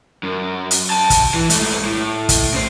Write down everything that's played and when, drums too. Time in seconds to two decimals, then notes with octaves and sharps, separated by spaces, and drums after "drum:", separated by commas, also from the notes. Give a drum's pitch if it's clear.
0.23 F#2
0.71 drum: hi-hat
0.90 G5 A5
1.10 drum: kick, hi-hat
1.34 E3
1.50 G#2 A3, drum: hi-hat
1.85 A2
2.29 drum: kick, hi-hat
2.54 C#3 C5